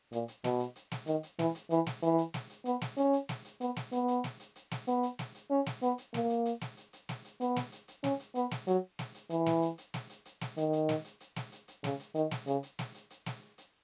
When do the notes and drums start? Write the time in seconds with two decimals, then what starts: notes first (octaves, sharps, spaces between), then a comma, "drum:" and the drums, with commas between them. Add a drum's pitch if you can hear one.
0.13 A#2, drum: hi-hat
0.28 drum: hi-hat
0.44 B2, drum: snare
0.60 drum: hi-hat
0.76 drum: hi-hat
0.91 drum: snare
1.07 D#3, drum: hi-hat
1.23 drum: hi-hat
1.39 E3, drum: snare
1.55 drum: hi-hat
1.70 E3, drum: hi-hat
1.86 drum: snare
2.02 E3, drum: hi-hat
2.18 drum: hi-hat
2.34 drum: snare
2.50 drum: hi-hat
2.65 B3, drum: hi-hat
2.81 drum: snare
2.97 C#4, drum: hi-hat
3.13 drum: hi-hat
3.29 drum: snare
3.45 drum: hi-hat
3.61 B3, drum: hi-hat
3.76 drum: snare
3.92 B3, drum: hi-hat
4.08 drum: hi-hat
4.24 drum: snare
4.40 drum: hi-hat
4.56 drum: hi-hat
4.71 drum: snare
4.88 B3, drum: hi-hat
5.03 drum: hi-hat
5.19 drum: snare
5.35 drum: hi-hat
5.51 C#4
5.66 drum: snare
5.82 B3, drum: hi-hat
5.98 drum: hi-hat
6.14 A#3, drum: snare
6.30 drum: hi-hat
6.46 drum: hi-hat
6.61 drum: snare
6.77 drum: hi-hat
6.93 drum: hi-hat
7.09 drum: snare
7.25 drum: hi-hat
7.41 B3, drum: hi-hat
7.56 drum: snare
7.72 drum: hi-hat
7.88 drum: hi-hat
8.04 C#4, drum: snare
8.20 drum: hi-hat
8.35 B3, drum: hi-hat
8.51 drum: snare
8.67 F#3, drum: hi-hat
8.99 drum: snare
9.15 drum: hi-hat
9.30 E3, drum: hi-hat
9.46 drum: snare
9.62 drum: hi-hat
9.78 drum: hi-hat
9.94 drum: snare
10.10 drum: hi-hat
10.25 drum: hi-hat
10.41 drum: snare
10.58 D#3, drum: hi-hat
10.73 drum: hi-hat
10.89 drum: snare
11.05 drum: hi-hat
11.20 drum: hi-hat
11.36 drum: snare
11.52 drum: hi-hat
11.68 drum: hi-hat
11.84 C#3, drum: snare
12.00 drum: hi-hat
12.15 D#3, drum: hi-hat
12.31 drum: snare
12.47 C#3, drum: hi-hat
12.63 drum: hi-hat
12.79 drum: snare
12.95 drum: hi-hat
13.10 drum: hi-hat
13.26 drum: snare
13.58 drum: hi-hat